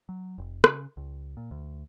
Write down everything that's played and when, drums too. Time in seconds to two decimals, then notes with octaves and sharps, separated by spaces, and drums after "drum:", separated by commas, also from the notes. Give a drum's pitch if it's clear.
0.09 F#3
0.38 F1
0.64 C#3, drum: rim click
0.97 C#2
1.37 A#2
1.51 D2